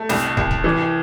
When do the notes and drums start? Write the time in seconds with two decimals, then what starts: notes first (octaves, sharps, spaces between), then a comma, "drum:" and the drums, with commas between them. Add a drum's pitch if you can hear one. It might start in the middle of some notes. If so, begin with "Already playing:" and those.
Already playing: A3
0.09 C2, drum: snare
0.37 C2, drum: kick
0.51 drum: kick
0.64 E3